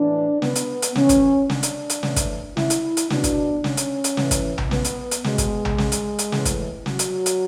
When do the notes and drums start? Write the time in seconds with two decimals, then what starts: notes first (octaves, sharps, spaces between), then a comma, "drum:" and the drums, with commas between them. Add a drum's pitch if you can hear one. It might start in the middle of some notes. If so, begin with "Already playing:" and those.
Already playing: A2 E3 D4
0.42 B3, drum: snare
0.55 drum: hi-hat
0.82 drum: hi-hat
0.96 A2 E3 C#4, drum: snare
1.09 drum: kick, hi-hat
1.50 D4, drum: snare
1.63 drum: hi-hat
1.90 drum: hi-hat
2.03 A2 E3, drum: snare
2.16 drum: kick, hi-hat
2.57 E4, drum: snare
2.70 drum: hi-hat
2.97 drum: hi-hat
3.10 B2 D4, drum: snare
3.24 drum: kick, hi-hat
3.64 C#4, drum: snare
3.77 drum: hi-hat
4.04 drum: hi-hat
4.17 A2 E3, drum: snare
4.31 drum: kick, hi-hat
4.58 drum: tom A#1
4.71 B3, drum: snare
4.84 drum: hi-hat
5.11 drum: hi-hat
5.24 B2 G#3, drum: snare
5.38 drum: kick, hi-hat
5.65 drum: tom A#1
5.78 drum: snare
5.92 drum: hi-hat
6.19 drum: hi-hat
6.32 A2 E3, drum: snare
6.45 drum: kick, hi-hat
6.86 F#3, drum: snare
6.99 drum: hi-hat
7.26 drum: hi-hat